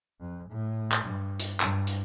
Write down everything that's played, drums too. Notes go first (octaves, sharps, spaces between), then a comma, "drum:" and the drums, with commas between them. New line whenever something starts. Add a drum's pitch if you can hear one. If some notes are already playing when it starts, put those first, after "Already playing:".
F2
A2
drum: clap
G2
drum: hi-hat
G2, drum: clap
drum: hi-hat